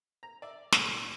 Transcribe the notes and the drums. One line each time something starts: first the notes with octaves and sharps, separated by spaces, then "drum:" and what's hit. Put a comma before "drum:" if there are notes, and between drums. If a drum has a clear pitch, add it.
A#5
D5 E5
C2 A#2, drum: snare